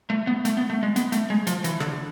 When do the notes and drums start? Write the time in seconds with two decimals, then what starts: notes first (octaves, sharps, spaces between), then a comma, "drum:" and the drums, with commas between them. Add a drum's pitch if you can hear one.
0.10 A3
0.27 B3
0.45 A3, drum: hi-hat
0.57 B3
0.70 A3
0.83 G#3
0.96 B3, drum: hi-hat
1.12 A3, drum: hi-hat
1.30 G#3
1.47 F3, drum: hi-hat
1.64 E3, drum: hi-hat
1.80 D3, drum: rim click